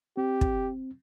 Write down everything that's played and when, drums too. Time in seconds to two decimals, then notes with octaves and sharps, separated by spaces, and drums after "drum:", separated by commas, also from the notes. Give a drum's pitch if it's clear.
0.17 C4 G4
0.41 drum: kick